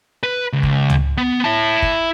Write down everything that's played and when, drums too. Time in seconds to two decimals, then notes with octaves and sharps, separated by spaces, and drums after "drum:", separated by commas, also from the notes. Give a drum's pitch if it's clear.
0.23 B4
0.53 C#2
0.63 drum: kick
0.90 drum: tom C#2
1.18 B3
1.44 E4 A5
1.82 drum: kick